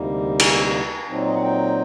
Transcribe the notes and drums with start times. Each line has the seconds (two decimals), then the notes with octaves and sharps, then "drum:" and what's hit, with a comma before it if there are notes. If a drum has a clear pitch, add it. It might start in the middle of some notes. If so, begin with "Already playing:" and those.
Already playing: D2 C3 G3 A#3 D#4
0.40 A5, drum: cymbal
1.08 A#2 F#3 C4 D#4
1.27 D#5
1.35 F#5
1.42 G5